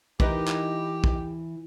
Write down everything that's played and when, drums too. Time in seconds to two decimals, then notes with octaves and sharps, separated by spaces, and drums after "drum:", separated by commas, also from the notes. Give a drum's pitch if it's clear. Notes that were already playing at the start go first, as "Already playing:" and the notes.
0.20 E3 D#4 G4 A#4 B4, drum: kick
0.48 drum: clap
1.04 drum: kick